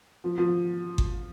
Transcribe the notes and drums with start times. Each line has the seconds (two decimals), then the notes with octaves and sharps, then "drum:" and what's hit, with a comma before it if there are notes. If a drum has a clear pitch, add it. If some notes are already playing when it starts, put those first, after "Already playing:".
0.24 F3
0.38 F3
0.98 drum: kick G1